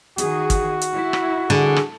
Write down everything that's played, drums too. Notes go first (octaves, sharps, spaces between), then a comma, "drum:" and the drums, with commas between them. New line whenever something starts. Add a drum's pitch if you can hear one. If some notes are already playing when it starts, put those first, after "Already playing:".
D#3 F#4 G#4, drum: hi-hat
drum: kick, hi-hat
drum: hi-hat
E4
drum: rim click
D3 G#4
drum: rim click